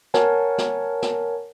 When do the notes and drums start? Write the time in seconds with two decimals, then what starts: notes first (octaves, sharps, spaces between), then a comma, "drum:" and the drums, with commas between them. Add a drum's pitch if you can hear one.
0.14 A#4 C#5 F#5 G#5 A5, drum: snare
0.58 drum: snare
1.02 drum: snare